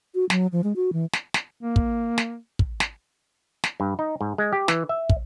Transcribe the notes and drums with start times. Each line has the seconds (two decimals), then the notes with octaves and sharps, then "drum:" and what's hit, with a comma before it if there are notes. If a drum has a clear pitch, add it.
0.15 F#4
0.30 F#3, drum: snare
0.52 F3
0.64 G#3
0.76 F#4
0.93 E3
1.13 drum: snare
1.34 drum: snare
1.63 A#3
1.76 drum: kick
2.18 drum: snare
2.59 drum: kick
2.80 drum: snare
3.64 drum: snare
3.80 G2
3.99 D#4
4.21 G#2
4.38 G#3
4.53 G4
4.68 E3, drum: snare
4.89 E5
5.10 drum: kick